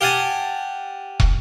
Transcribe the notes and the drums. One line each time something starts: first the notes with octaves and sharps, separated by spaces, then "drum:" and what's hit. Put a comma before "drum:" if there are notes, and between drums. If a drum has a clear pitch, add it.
G4 F5 F#5 G#5 A5
drum: kick